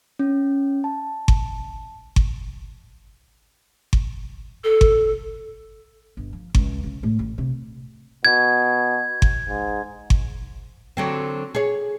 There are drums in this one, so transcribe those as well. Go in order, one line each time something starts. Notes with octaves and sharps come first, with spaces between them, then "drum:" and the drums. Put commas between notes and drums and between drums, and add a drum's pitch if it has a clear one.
C#4
A5
drum: kick G1
drum: kick G1
drum: kick G1
A4
drum: kick G1
G1
F3
C#2, drum: kick G1
C#3
A2
A1
C3
B2 G#6
drum: kick G1
G#2
drum: kick G1
D3 F#3 C4
G#4 C#5